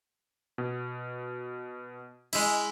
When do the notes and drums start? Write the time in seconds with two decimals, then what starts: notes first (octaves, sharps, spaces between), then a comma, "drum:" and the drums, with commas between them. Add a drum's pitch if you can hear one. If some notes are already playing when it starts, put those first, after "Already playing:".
0.58 B2
2.33 G#3 E4, drum: cymbal